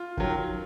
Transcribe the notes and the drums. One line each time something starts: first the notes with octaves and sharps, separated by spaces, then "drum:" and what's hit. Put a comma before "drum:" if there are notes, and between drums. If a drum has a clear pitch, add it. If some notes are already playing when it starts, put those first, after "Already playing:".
Already playing: F4
D#3 F#3, drum: kick